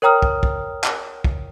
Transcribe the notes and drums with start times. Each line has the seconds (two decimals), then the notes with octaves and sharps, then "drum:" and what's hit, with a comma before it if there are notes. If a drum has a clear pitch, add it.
0.02 A#4 C#5 G5 A#5 D#6 F6
0.22 drum: kick
0.43 drum: kick
0.84 drum: clap
1.24 drum: kick